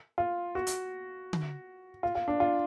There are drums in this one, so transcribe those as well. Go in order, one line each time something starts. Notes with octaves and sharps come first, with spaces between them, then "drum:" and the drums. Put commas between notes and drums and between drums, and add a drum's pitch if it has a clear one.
F4
F#4
drum: hi-hat
drum: tom D3
F4
F4
D4
F4